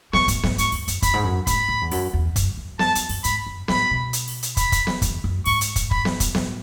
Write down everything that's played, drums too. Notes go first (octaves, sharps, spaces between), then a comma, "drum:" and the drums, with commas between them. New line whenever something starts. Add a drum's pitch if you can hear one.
A2 C#6, drum: snare B3
A2, drum: kick, hi-hat
A2, drum: snare B3
G#2 C#6, drum: hi-hat
E2, drum: open hi-hat
F#2, drum: hi-hat
F#2 B5, drum: kick, hi-hat
G#2
F#2
G#2 B5, drum: kick, hi-hat
A2
E2
F#2, drum: open hi-hat
E2
F#2, drum: kick, hi-hat
F#2
F#2 A5, drum: snare B3
E2, drum: hi-hat
F#2, drum: open hi-hat
G#2 B5, drum: hi-hat
F#2
A2 B5, drum: snare B3
B2
drum: hi-hat
drum: open hi-hat
drum: hi-hat
B5, drum: kick, hi-hat
drum: kick, hi-hat
drum: snare B3
E2, drum: kick, hi-hat
F#2
G#2 C#6, drum: open hi-hat
drum: hi-hat
drum: kick, hi-hat
B5, drum: kick
drum: snare B3
drum: kick, hi-hat
A2, drum: snare B3